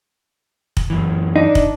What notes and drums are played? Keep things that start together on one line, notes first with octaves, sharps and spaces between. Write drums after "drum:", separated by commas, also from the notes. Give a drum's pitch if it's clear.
drum: kick
F#2 E3
D4 D#4
drum: kick